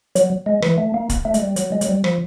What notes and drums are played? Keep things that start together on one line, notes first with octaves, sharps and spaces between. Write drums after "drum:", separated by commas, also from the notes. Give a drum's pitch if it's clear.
F#3, drum: hi-hat
G#3
E3, drum: rim click
A3
A#3
drum: kick, hi-hat
A3
G#3, drum: hi-hat
G3
F#3, drum: hi-hat
G#3
F#3, drum: hi-hat
G3
F3, drum: rim click